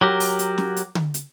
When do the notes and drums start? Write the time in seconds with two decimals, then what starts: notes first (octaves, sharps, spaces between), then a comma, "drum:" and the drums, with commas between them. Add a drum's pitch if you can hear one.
0.01 F#3 G4 A#4
0.20 drum: open hi-hat
0.39 drum: hi-hat
0.58 drum: snare
0.76 drum: hi-hat
0.95 drum: tom D3
1.14 drum: hi-hat